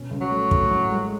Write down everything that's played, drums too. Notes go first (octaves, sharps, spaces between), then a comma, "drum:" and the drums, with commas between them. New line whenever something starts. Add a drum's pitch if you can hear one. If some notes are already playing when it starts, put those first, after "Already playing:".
Already playing: B2 C#4
C#2
F#3
A3
A2, drum: kick
A1
G#3